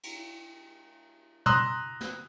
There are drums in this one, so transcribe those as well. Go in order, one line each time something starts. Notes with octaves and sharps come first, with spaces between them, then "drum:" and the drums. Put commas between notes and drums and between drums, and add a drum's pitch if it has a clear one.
drum: cymbal
A#5 C6 D#6 E6 F#6, drum: tom
drum: snare